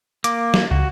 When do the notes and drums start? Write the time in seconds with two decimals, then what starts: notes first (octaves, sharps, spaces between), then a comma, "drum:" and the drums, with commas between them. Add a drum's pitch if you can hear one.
0.24 A#3 D6, drum: hi-hat
0.54 drum: snare
0.71 C#2 F#4